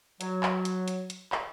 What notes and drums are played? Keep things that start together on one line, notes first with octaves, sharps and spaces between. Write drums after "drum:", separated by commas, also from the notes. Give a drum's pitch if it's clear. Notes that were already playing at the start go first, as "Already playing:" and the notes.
F#3, drum: hi-hat
drum: clap
drum: hi-hat
drum: hi-hat
drum: hi-hat
drum: clap